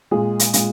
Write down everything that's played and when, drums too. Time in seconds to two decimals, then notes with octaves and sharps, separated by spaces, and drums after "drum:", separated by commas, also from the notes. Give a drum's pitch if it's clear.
0.11 A#2 G#3 G#4
0.40 drum: hi-hat
0.53 A#2 G#3, drum: hi-hat